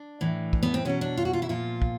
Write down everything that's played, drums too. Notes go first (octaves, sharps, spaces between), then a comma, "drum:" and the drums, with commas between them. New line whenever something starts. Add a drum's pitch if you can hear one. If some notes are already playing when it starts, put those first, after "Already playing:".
Already playing: D4
A2 E3
drum: kick
B3
C4
B2 F#3 C#4
D4
F4
F#4
F4
E4
A#2 F3 F4
drum: kick